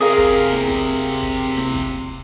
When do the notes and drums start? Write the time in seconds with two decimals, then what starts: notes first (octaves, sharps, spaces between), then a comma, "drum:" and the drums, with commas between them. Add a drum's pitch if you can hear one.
0.01 C3 F4 G#4 A#4 F5
0.18 drum: kick
0.53 drum: snare E4
0.70 drum: kick
1.23 drum: kick
1.57 drum: snare E4
1.75 drum: kick